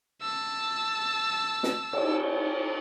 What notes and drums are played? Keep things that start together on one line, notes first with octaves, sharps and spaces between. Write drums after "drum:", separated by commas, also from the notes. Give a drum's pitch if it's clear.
A5 E6
drum: snare
drum: cymbal